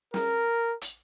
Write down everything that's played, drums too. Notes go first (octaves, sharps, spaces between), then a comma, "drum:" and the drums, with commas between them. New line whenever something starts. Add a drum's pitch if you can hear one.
A#4, drum: snare
drum: hi-hat